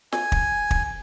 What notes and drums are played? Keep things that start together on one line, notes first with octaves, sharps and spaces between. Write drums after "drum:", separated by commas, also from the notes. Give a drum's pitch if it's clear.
G#5, drum: snare
drum: kick
drum: kick